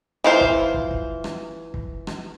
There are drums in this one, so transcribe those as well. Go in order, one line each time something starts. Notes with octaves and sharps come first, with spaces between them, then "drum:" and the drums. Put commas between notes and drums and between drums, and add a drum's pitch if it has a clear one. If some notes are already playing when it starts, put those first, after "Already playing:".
E3 F4 C5
drum: kick
drum: kick
drum: kick
drum: rim click
drum: kick
drum: rim click